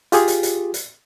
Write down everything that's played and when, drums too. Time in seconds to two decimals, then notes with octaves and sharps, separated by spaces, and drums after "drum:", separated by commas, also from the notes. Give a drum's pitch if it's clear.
0.12 F4 G4 G#4, drum: hi-hat
0.28 drum: hi-hat
0.43 drum: hi-hat
0.74 drum: hi-hat